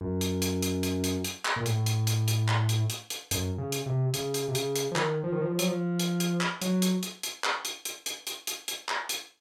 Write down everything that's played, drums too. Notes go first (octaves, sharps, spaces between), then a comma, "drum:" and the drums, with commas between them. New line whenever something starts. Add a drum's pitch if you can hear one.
F#2
drum: hi-hat
drum: hi-hat
drum: hi-hat
drum: hi-hat
drum: hi-hat
drum: hi-hat
drum: clap
A#2
A2, drum: hi-hat
drum: hi-hat
drum: hi-hat
drum: hi-hat
drum: clap
drum: hi-hat
drum: hi-hat
drum: hi-hat
F#2, drum: hi-hat
C#3
drum: hi-hat
C3
C#3, drum: hi-hat
drum: hi-hat
C3
C#3, drum: hi-hat
drum: hi-hat
F3
D#3, drum: clap
F3
D#3
F3
F3
F#3, drum: hi-hat
F3
drum: hi-hat
drum: hi-hat
drum: clap
F#3, drum: hi-hat
drum: hi-hat
drum: hi-hat
drum: hi-hat
drum: clap
drum: hi-hat
drum: hi-hat
drum: hi-hat
drum: hi-hat
drum: hi-hat
drum: hi-hat
drum: clap
drum: hi-hat